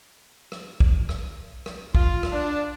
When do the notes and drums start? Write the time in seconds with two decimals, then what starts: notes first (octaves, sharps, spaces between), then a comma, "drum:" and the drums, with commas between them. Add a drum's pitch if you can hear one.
0.52 drum: rim click
0.80 drum: kick
1.09 drum: rim click
1.66 drum: rim click
1.95 F4, drum: kick
2.23 drum: rim click
2.32 D4